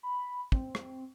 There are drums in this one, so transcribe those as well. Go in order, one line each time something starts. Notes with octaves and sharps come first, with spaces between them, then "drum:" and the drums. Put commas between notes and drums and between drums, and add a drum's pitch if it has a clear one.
B5
C4, drum: kick
drum: rim click